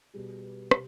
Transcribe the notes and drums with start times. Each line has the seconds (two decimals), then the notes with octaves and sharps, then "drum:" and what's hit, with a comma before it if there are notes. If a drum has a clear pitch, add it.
0.14 B2 G3 G#4
0.42 B4
0.71 C3, drum: rim click